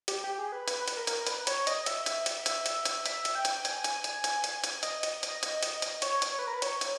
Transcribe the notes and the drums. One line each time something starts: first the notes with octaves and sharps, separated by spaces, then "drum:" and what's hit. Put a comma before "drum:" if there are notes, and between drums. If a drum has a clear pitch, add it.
G4, drum: hi-hat
G4
G#4
B4
B4, drum: hi-hat
drum: hi-hat
A#4
drum: hi-hat
B4, drum: hi-hat
C#5, drum: hi-hat
D#5, drum: hi-hat
E5, drum: hi-hat
drum: hi-hat
drum: hi-hat
drum: hi-hat
drum: hi-hat
drum: hi-hat
E5, drum: hi-hat
drum: hi-hat
G5
drum: hi-hat
G#5, drum: hi-hat
drum: hi-hat
drum: hi-hat
drum: hi-hat
drum: hi-hat
drum: hi-hat
D#5, drum: hi-hat
drum: hi-hat
drum: hi-hat
drum: hi-hat
drum: hi-hat
drum: hi-hat
C#5, drum: hi-hat
drum: hi-hat
C#5
B4
A#4
B4
C#5, drum: hi-hat
drum: hi-hat